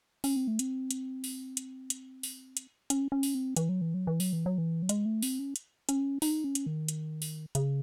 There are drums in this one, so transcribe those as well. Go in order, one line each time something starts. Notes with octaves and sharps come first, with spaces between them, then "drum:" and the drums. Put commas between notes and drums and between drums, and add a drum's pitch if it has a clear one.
C#4, drum: open hi-hat
C4
A3
C4, drum: hi-hat
drum: hi-hat
drum: open hi-hat
drum: hi-hat
drum: hi-hat
drum: open hi-hat
drum: hi-hat
C#4, drum: hi-hat
C#4
drum: open hi-hat
C4
E3, drum: hi-hat
F#3
E3
F#3
E3
F#3, drum: open hi-hat
E3
F#3
E3
F#3
G#3, drum: hi-hat
A3
C4, drum: open hi-hat
C#4
drum: hi-hat
C#4, drum: hi-hat
D#4, drum: open hi-hat
C#4
drum: hi-hat
D#3
drum: hi-hat
drum: open hi-hat
C#3, drum: hi-hat